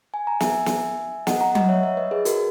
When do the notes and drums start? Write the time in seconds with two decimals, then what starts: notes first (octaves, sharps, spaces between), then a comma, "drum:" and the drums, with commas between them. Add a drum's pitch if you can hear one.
0.14 G#5
0.27 A#5
0.40 E5 G#5, drum: snare
0.66 drum: snare
1.27 D#5 F#5, drum: snare
1.41 F#5 A#5
1.55 D#5 F#5, drum: tom F#3
1.69 C#5 E5
1.83 C#5 E5
1.97 B4 D#5
2.11 G#4 B4
2.25 F#4 A#4, drum: hi-hat